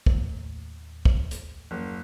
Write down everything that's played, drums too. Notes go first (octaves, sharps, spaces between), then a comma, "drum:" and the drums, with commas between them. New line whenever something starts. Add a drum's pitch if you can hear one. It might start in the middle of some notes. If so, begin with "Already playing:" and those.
D#2 A2, drum: kick
drum: kick
drum: hi-hat
F#1